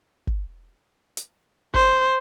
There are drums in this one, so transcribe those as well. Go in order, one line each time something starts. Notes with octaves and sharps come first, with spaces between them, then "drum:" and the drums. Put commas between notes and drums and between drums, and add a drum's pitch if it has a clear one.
drum: kick
drum: hi-hat
C5, drum: kick